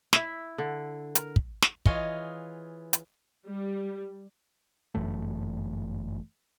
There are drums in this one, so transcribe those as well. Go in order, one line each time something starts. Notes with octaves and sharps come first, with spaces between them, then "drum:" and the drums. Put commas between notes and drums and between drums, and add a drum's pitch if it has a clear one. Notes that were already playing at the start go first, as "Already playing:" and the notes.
E4 E5, drum: snare
D3
A#4, drum: hi-hat
drum: kick
drum: snare
E3 F4 G#4 C#5 D#5, drum: kick
drum: hi-hat
G3
G1 F#2 E3 A3